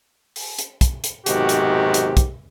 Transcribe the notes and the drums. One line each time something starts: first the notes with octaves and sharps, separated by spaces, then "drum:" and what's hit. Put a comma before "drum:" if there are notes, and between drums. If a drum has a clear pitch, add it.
drum: open hi-hat
drum: hi-hat
drum: kick, hi-hat
drum: hi-hat
B1 G#2 C3 D#3 F#4 G4, drum: hi-hat
drum: hi-hat
drum: hi-hat
drum: kick, hi-hat